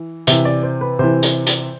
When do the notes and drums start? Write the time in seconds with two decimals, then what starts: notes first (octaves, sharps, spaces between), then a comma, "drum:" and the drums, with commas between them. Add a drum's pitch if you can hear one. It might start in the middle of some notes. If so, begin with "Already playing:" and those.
Already playing: E3
0.27 C3 E3 E5, drum: hi-hat
0.45 D5
0.63 C5
0.81 B4
0.99 C3 E3 C5
1.23 drum: hi-hat
1.47 drum: hi-hat